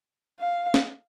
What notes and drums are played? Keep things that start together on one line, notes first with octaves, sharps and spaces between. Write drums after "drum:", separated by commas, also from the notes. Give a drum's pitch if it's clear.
F5
drum: snare